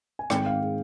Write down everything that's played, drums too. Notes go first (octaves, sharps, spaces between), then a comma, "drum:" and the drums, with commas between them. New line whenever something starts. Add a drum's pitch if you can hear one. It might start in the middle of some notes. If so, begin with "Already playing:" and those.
G#5
G#2 D#3 G#3 C4 G5, drum: rim click
F5
G#4